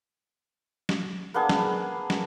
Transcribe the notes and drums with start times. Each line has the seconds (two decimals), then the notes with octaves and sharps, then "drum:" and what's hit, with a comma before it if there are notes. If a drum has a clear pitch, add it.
0.89 drum: snare
1.34 A#3 B3 D4 G#4
1.49 drum: snare
2.10 drum: snare